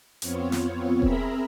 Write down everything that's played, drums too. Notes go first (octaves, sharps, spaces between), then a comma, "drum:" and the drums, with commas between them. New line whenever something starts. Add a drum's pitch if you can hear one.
F2 B3 C4 F4 C#5, drum: hi-hat
drum: snare
C4 G#4 A#4 E5 A#5 B5, drum: kick E1